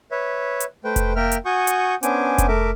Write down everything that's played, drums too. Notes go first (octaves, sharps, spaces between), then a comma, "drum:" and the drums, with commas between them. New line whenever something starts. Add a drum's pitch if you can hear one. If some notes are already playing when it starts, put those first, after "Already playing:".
B4 C#5 E5
drum: hi-hat
A3 B4 C5 G5
drum: kick F1, hi-hat
A#3 A#4 E5 G5 F6
drum: hi-hat
F#4 F#5 G#5 C#6 D#6 G6
drum: hi-hat
B3 C#4 D4 C5 G#5 D6, drum: hi-hat
drum: kick F1, hi-hat
A3 A#4 E5 D6